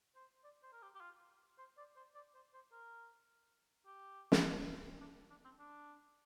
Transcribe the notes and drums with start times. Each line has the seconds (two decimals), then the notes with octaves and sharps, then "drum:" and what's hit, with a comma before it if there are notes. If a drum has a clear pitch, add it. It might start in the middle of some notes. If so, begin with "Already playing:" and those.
0.16 C5
0.44 D5
0.63 C5
0.73 A#4
0.82 G4
0.95 G4
1.01 F4
1.58 C5
1.78 D5
1.96 C5
2.15 D5
2.35 C5
2.54 C5
2.72 A#4
3.86 G4
4.32 drum: snare
5.01 D4
5.30 D4
5.45 C4
5.59 D4